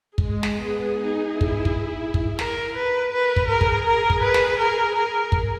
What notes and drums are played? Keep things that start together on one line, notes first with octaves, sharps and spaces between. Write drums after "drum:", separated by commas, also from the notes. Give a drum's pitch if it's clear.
G#3 G#4, drum: kick
drum: snare
B3
D#4
E4
drum: kick
drum: kick
drum: kick
A#4, drum: snare
B4
A#4 B4
drum: kick
G#4 A#4
drum: kick
G#4 A#4
drum: kick
B4
drum: snare
A#4
A#4
drum: kick